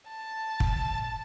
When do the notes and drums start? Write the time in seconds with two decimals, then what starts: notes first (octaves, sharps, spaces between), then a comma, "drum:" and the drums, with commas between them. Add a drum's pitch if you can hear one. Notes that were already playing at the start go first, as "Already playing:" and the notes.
0.08 A5
0.60 drum: kick